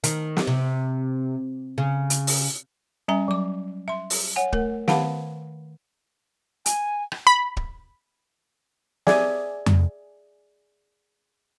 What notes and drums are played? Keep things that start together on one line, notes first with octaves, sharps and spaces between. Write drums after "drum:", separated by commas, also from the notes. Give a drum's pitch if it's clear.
D#3, drum: hi-hat
drum: snare
C3
C#3
drum: hi-hat
drum: open hi-hat
G3 C#4 E5 G#5 A#5
F#3 D6
E5 C6
drum: open hi-hat
C#5 F#5 G#5
A3 A#4, drum: kick
D#3 F5 F#5 A5 B5, drum: snare
G#5, drum: hi-hat
drum: rim click
B5
drum: kick
G#4 D5 E5 G#5, drum: snare
drum: tom F2